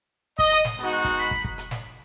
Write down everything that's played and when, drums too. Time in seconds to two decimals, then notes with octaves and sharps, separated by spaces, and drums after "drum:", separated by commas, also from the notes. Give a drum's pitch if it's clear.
0.39 D#5, drum: kick
0.51 drum: hi-hat
0.65 drum: snare
0.78 G#3 B3 D#4 F#4, drum: hi-hat
1.05 drum: kick, hi-hat
1.18 B5
1.31 drum: kick
1.44 drum: kick
1.58 drum: hi-hat
1.71 drum: snare